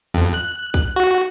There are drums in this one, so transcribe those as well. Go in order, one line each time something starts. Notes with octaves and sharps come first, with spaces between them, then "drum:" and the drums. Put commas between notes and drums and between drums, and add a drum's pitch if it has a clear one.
F2
F#6
drum: kick
F#4